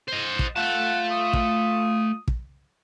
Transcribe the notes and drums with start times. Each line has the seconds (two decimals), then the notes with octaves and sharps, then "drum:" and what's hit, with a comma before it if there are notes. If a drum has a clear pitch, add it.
0.08 C5 D#5
0.39 drum: kick
0.56 A3 F4 F#5 A5
1.11 D#6
1.33 drum: kick
2.28 drum: kick